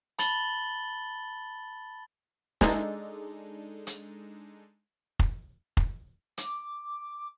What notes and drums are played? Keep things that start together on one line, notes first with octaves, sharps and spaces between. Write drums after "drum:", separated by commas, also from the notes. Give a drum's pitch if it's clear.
A5 B5 A6 F#7 G7, drum: hi-hat
G#3 D4 D#4 A4, drum: snare
drum: hi-hat
drum: kick F1
drum: kick F1
D6, drum: hi-hat